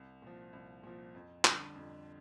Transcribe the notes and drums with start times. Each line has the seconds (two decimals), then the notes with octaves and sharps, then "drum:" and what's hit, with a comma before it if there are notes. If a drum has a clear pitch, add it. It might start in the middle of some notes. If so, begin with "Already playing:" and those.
Already playing: C2
0.22 A#2 F3
0.53 C2
0.84 A#2 F3
1.15 F2
1.45 D3 G3 D4, drum: clap
1.75 F2